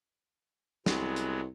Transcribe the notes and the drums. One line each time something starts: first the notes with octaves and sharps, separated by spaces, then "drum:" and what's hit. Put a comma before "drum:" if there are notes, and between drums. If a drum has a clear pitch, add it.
C2 F#3 G#3 B3, drum: snare
drum: hi-hat